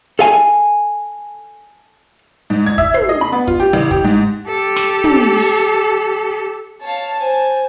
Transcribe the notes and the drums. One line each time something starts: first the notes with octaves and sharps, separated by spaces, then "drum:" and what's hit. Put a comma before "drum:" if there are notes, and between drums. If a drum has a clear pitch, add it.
A4 F5 G#5
G#2
G#6
E5, drum: kick
C7, drum: tom
D#5
B5
B3
F4, drum: kick
G4
A1
G4, drum: kick
G#2
G4 A4
drum: snare
drum: tom
drum: open hi-hat
C#5 F5 A5
C5 G#5